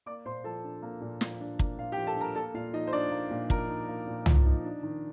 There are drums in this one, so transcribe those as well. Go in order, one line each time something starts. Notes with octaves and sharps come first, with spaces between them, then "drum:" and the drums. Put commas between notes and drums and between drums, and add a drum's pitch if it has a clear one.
A#3 D5 D6
A#2 C5 C6
F3 A4 A5
D4
A#3
A#2
F3, drum: snare
D4
A#3, drum: kick
A#2 F4 F5
G4 G5
F3
A4 A5
D4 A#4 A#5
A#3 A4 A5
A#2 F4 F5
F3 D#4 D#5
C5
D4 D#4 D5
A#3
A#2
F3 A#4, drum: kick
D#4
A#3
A#2
F3, drum: tom
D#4
D4
D#3